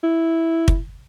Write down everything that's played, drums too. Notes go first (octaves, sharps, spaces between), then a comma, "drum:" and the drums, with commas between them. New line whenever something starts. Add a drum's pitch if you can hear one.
E4
drum: kick